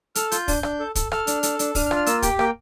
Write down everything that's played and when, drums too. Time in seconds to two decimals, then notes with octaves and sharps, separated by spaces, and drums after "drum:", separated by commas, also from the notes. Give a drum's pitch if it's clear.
0.15 A4 F6, drum: hi-hat
0.32 F4 G6, drum: hi-hat
0.48 D4, drum: kick, open hi-hat
0.63 D4, drum: rim click
0.80 A4
0.95 A4, drum: kick, hi-hat
1.12 A4 F6, drum: rim click
1.27 D4, drum: hi-hat
1.43 A4, drum: hi-hat
1.59 D4, drum: hi-hat
1.75 D4 F6, drum: kick, open hi-hat
1.86 F6
1.91 F4, drum: rim click
1.96 F6
2.06 A#3 E6, drum: hi-hat
2.22 G4 G5, drum: kick, hi-hat
2.39 A#3 G5, drum: rim click